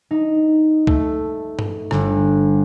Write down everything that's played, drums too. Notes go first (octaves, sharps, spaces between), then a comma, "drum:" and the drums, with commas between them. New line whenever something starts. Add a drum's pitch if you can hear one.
D#4
A3, drum: kick
drum: tom G2
G1, drum: rim click